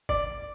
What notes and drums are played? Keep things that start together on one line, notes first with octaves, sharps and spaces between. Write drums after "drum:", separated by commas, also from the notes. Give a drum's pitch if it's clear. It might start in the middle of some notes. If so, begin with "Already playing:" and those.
D5, drum: kick F#1